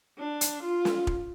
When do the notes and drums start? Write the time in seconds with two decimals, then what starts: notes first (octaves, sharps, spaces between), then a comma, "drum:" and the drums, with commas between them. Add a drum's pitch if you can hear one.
0.19 D4
0.41 drum: hi-hat
0.63 F4
0.85 drum: snare
1.07 drum: kick